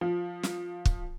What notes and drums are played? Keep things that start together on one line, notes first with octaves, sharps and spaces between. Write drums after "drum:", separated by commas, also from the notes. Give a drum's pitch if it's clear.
F3
drum: snare
drum: kick